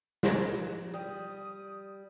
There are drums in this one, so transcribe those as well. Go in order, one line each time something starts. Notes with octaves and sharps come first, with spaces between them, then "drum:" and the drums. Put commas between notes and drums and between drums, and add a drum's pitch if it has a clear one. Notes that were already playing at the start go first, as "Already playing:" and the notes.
F3, drum: snare
G3 D#6